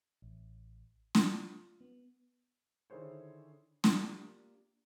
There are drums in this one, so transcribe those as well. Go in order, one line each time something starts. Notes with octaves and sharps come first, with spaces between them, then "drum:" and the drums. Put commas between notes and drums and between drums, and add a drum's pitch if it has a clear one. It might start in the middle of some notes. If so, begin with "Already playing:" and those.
A1
F4, drum: snare
B3
D3 D#3 E4 G#4 C5 C#5
A#3 D4 F4 G4, drum: snare